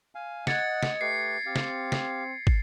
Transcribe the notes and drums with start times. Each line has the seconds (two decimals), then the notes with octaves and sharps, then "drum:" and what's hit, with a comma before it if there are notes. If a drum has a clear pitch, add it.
0.15 F5 G#5
0.47 D#5 F#5 F#6 G#6 A6 C#7, drum: snare
0.83 drum: snare
1.01 A3 G4 B4 C7
1.46 C4 G4 F5
1.56 drum: snare
1.92 drum: snare
2.47 drum: kick